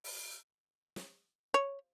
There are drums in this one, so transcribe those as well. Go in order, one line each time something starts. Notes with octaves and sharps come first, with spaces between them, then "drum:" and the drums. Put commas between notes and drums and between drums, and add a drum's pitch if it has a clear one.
drum: open hi-hat
drum: snare
C#5